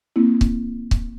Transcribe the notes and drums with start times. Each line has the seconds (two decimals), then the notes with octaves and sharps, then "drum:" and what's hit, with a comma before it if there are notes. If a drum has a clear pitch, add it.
0.16 A#3 C4 E4
0.41 drum: kick C#1
0.91 drum: kick C#1